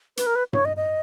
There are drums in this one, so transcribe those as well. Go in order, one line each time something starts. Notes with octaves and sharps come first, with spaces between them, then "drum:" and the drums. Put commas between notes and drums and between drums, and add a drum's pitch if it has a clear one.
B4, drum: hi-hat
A#4
B4
C#5, drum: tom G2
D#5
D#5